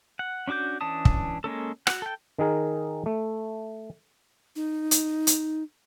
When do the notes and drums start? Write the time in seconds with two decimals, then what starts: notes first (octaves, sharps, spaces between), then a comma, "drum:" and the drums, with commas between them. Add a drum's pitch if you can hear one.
0.19 F#5
0.48 C#4 D4 F#4 D6 G6
0.81 E3 C#4 D4 A5 D#6
1.05 drum: kick
1.44 G#3 A#3 C#4 A4
1.87 F#4 F#5, drum: rim click
2.02 A4 G5
2.38 D#3 D#4 G#4 A#4
3.06 A3
4.56 D#4
4.91 drum: hi-hat
5.27 drum: hi-hat